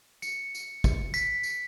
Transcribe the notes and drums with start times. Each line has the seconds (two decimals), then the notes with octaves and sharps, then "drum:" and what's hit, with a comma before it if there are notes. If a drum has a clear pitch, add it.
0.22 C#7, drum: tambourine
0.55 drum: tambourine
0.84 drum: kick, tambourine
1.14 B6, drum: tambourine
1.43 drum: tambourine